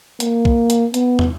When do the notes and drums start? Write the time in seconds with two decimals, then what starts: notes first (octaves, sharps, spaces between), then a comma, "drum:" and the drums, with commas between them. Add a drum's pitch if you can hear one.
0.20 A#3, drum: hi-hat
0.45 drum: kick
0.70 drum: hi-hat
0.94 B3, drum: hi-hat
1.19 drum: tom